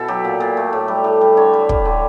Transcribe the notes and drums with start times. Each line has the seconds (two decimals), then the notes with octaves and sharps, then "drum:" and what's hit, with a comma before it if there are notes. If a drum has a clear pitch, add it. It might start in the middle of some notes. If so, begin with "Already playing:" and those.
Already playing: B2 E4 A4
0.08 F#3 G4
0.24 A#2
0.40 A#2
0.57 A3
0.73 A2
0.88 G3
1.04 A2
1.21 G3
1.37 D3 C#5
1.53 G3
1.69 G3, drum: kick
1.85 D3